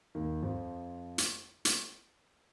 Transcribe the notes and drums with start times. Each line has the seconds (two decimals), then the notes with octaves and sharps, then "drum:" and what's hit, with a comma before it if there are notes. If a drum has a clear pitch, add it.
0.15 D#2 D#3
0.42 F2 F3
1.18 drum: hi-hat
1.65 drum: hi-hat